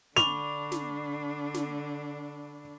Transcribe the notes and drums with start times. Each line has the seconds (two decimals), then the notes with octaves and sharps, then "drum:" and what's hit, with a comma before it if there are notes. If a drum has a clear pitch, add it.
0.16 D3 D4 B5 C#6 D6 F7, drum: snare
0.72 drum: snare
1.54 drum: snare